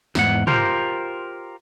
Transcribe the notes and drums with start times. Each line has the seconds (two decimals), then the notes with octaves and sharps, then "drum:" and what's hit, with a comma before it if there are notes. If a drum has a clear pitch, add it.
0.15 E2 G#2 F#5, drum: snare
0.47 F4 G4 A#4 C5, drum: tom